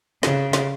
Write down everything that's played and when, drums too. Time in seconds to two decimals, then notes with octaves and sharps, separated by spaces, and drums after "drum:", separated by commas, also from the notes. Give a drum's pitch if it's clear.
0.23 C#3, drum: snare
0.53 drum: snare